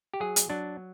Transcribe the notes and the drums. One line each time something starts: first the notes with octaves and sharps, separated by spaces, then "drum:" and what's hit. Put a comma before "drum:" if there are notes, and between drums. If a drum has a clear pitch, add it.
G4
F#3 G#4
drum: hi-hat
F#3 D4